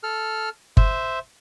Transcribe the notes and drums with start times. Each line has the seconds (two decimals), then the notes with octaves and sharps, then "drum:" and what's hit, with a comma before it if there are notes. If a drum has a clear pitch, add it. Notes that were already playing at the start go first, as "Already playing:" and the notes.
0.03 A4 F6
0.77 C5 E5, drum: kick G1